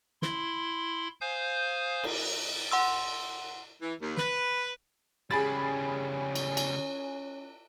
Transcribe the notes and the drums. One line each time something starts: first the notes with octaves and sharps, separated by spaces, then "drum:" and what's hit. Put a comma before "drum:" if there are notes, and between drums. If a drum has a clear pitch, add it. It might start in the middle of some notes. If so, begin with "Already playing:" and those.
E4 C6, drum: snare
C5 F5 G#5 D#6 G6
drum: cymbal
F#5 C6 E6
E3
D#2
B4, drum: snare
C#3 G3 C#4 G#4 B5 A6
drum: cymbal
drum: cymbal